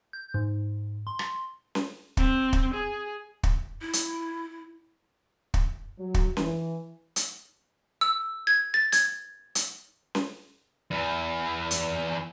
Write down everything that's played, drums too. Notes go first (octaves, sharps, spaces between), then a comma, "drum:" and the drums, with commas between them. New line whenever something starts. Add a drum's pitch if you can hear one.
G6
G#2
C6
drum: rim click
drum: snare C#4
C4, drum: kick
drum: kick
G#4
drum: kick
E4
drum: hi-hat
drum: kick
F#3
drum: kick
E3, drum: snare C#4
drum: hi-hat
E6
G#6
A6
G#6, drum: hi-hat
drum: hi-hat
drum: snare C#4
E2 E3
drum: hi-hat